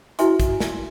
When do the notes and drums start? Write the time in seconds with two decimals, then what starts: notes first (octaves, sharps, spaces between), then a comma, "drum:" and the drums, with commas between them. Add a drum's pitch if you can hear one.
0.19 E4 F#4 B4 E5 G#5 C6, drum: hi-hat
0.40 drum: kick, hi-hat
0.60 drum: snare